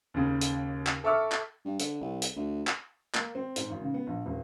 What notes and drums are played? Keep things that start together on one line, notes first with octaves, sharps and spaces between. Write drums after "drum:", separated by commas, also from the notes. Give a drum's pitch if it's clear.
D#2 C#3
drum: hi-hat
drum: clap
A4 E5 C#6 D6 E6 F6
drum: clap
G2
D3, drum: hi-hat
C2
drum: hi-hat
D2
drum: clap
A#3, drum: clap
C4
G#2, drum: hi-hat
G#1
C#3
B3
A#1
D#1